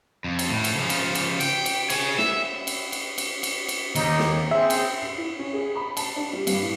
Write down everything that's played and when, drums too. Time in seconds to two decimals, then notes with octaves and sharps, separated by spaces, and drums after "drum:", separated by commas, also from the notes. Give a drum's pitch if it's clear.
0.24 F2
0.39 drum: cymbal
0.49 A2
0.64 drum: cymbal
0.75 C#3 F3
0.89 drum: cymbal
1.15 drum: cymbal
1.40 G5, drum: cymbal
1.66 drum: cymbal
1.90 G#4 C#5, drum: cymbal
2.18 E5, drum: snare
2.67 drum: cymbal
2.92 drum: cymbal
3.18 drum: cymbal
3.43 drum: cymbal
3.68 drum: cymbal
3.95 D#2 D#4, drum: cymbal
4.19 drum: snare
4.51 C4 G#4 E5
4.70 drum: cymbal
5.01 C7
5.17 E4
5.39 C#4
5.53 G#4
5.76 B5
5.97 A5, drum: cymbal
6.16 D4
6.33 G3
6.47 G2, drum: cymbal
6.62 A2